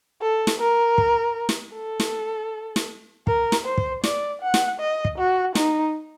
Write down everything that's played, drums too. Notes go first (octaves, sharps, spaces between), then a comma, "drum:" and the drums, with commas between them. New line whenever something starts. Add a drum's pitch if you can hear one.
A4
drum: snare
A#4
drum: kick
drum: snare
A4
drum: snare
drum: snare
A#4, drum: kick
drum: snare
C5
drum: kick
D5, drum: snare
F#5
drum: snare
D#5
drum: kick
F#4
D#4, drum: snare